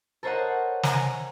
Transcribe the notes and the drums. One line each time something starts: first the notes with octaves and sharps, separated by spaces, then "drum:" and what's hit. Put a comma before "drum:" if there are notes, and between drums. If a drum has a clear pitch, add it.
A4 A#4 C5 C#5 D#5 F#5
G#5 A#5, drum: snare